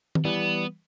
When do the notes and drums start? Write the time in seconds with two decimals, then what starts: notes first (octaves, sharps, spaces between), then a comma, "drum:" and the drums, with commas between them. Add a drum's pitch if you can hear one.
0.15 drum: tom D#3
0.25 E3 G3 B3